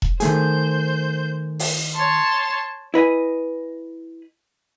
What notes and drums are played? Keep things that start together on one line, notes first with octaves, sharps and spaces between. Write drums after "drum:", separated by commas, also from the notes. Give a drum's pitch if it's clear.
drum: kick E1
D#3 A3 G#4 C5 G6, drum: hi-hat
drum: open hi-hat
C#5 A5 C6
E4 B4 D#5 G#5